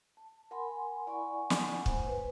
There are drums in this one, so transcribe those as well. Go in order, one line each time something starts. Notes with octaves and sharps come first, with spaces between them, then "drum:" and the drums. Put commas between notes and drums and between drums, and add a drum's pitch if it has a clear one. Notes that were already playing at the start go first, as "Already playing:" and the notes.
A5
A#4 F#5 G#5 B5 C6
E4 D5 F#5 G#5 B5 C#6
drum: snare
A3 C5 G#5, drum: kick
B4